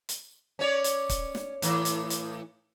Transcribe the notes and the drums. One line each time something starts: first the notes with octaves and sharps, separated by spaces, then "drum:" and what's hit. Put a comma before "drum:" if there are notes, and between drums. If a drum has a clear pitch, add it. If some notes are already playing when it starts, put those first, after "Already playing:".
drum: hi-hat
C#4 C#5 D5
drum: hi-hat
drum: kick, hi-hat
drum: snare
A2 E3, drum: hi-hat
drum: hi-hat
drum: hi-hat